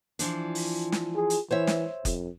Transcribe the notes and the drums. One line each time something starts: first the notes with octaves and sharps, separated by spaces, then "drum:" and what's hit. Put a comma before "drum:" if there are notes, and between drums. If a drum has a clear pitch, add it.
E3 F3 D4, drum: hi-hat
drum: open hi-hat
drum: snare
G#4
drum: hi-hat
E3 C5 C#5 E5
drum: snare
F2, drum: kick F#1, hi-hat